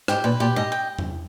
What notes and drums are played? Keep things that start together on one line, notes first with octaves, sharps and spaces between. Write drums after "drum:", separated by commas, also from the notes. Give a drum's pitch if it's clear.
G#2 G4, drum: rim click
A#2 B4
A#2 G4
G#2 D#5
G5
drum: tom E2